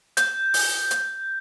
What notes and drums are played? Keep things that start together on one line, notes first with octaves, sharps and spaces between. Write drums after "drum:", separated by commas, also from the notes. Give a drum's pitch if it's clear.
G6, drum: hi-hat
drum: open hi-hat
drum: hi-hat